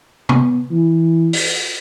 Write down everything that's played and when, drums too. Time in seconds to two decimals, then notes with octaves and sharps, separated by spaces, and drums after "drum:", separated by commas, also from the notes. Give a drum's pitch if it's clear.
0.29 B3, drum: tom
0.71 E3
1.33 drum: open hi-hat